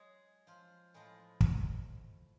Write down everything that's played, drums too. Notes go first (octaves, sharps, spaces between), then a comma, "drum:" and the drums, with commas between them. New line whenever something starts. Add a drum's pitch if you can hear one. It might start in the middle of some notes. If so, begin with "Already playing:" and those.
Already playing: F#3 G#3 G#4
F3 F4
A2 F3 G#3 G#4
drum: kick